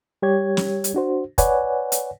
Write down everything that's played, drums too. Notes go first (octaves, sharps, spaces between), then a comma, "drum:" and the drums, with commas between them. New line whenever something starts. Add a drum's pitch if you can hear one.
G3 G4 C#5 G#6
drum: snare
drum: hi-hat
D4 F#4 C5
B4 C#5 D5 F#5 G#5, drum: kick, hi-hat
drum: hi-hat